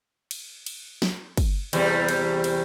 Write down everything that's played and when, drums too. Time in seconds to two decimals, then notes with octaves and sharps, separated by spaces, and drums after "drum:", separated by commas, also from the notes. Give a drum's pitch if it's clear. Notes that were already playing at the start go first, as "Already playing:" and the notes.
0.31 drum: cymbal
0.66 drum: cymbal
1.02 drum: snare
1.37 drum: kick, cymbal
1.73 E2 C3 G3, drum: cymbal
2.09 drum: cymbal
2.44 drum: cymbal